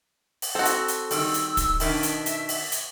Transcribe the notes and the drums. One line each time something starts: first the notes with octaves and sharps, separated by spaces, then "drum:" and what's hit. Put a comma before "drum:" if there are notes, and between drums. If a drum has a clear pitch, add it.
drum: open hi-hat
C4 F#4 A4
drum: hi-hat
drum: hi-hat
D#3 G3 E6, drum: open hi-hat
drum: hi-hat
drum: kick, hi-hat
B2 D#3 D4 E5, drum: open hi-hat
drum: hi-hat
drum: hi-hat
drum: open hi-hat
drum: hi-hat